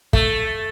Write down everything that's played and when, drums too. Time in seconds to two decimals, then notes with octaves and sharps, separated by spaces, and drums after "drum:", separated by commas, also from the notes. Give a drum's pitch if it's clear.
0.13 A3, drum: kick